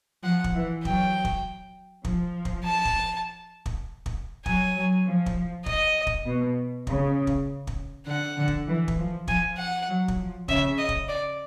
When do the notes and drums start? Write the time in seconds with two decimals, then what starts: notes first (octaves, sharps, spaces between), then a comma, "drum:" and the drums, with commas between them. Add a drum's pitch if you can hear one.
0.24 F3 F#5
0.44 drum: kick
0.54 E3
0.85 F#3 G5, drum: kick
1.25 drum: kick
2.05 F3, drum: kick
2.45 drum: kick
2.65 A5
2.85 drum: kick
3.66 drum: kick
4.06 drum: kick
4.46 F#3 G#5, drum: kick
4.76 F#3
5.06 F3
5.26 drum: kick
5.66 D#5, drum: kick
6.07 drum: kick
6.26 B2
6.87 C#3, drum: kick
7.27 drum: kick
7.67 drum: kick
8.07 D3 F#5
8.38 D3
8.48 drum: kick
8.68 E3
8.88 drum: kick
8.98 F3
9.28 F3 G#5, drum: kick
9.57 F#5
9.88 F#3
10.08 drum: kick
10.18 F3
10.48 C#3 E5, drum: kick
10.78 D#5
10.89 drum: kick
11.08 D5